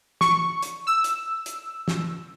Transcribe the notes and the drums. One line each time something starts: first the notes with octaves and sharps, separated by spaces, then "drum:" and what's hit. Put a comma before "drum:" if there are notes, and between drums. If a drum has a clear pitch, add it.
C#6, drum: snare
drum: hi-hat
E6
drum: hi-hat
drum: hi-hat
drum: snare